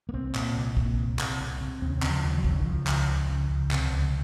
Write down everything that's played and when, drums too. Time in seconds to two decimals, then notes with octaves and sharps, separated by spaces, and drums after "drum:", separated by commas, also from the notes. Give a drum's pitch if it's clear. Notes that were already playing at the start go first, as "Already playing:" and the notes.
0.09 A#3
0.14 C2 C4
0.35 A#2, drum: clap
0.55 C2
0.77 A#2, drum: kick
0.98 C2
1.19 C3, drum: clap
1.40 C2
1.61 C3
1.82 D#2 C4
1.90 C#4
1.98 C4
2.03 C#3, drum: clap
2.09 F3
2.24 D#2
2.38 F#3
2.44 C#3, drum: kick
2.59 D#3
2.66 C#2 F3
2.87 C#3, drum: clap
3.08 C#2
3.29 C#3
3.50 C#2
3.71 C3, drum: clap
3.92 C#2